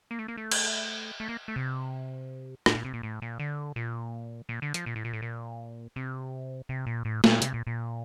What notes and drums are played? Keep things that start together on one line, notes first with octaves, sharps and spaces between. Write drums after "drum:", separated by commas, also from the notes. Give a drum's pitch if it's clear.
A#3
A3
A#3
A3
drum: cymbal
A3
A#3
A3
C3
A2, drum: rim click
A#2
C3
A#2
A2
A#2
D3
A#2
A#2
D3
F3, drum: hi-hat
A#2
A2
A#2
A2
A#2
C3
C3
A#2
A2
A#2, drum: snare
C3, drum: hi-hat
A#2
A#2